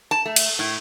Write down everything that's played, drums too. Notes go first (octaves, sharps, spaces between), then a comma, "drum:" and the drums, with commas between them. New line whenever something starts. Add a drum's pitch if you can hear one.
A5
A3
drum: cymbal
A2